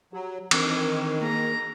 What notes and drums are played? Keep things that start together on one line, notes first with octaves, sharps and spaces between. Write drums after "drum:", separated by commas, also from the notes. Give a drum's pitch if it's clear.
F#3 G4 A#5
D#3 E3 C4 D4, drum: cymbal
A#3 G#4 A#5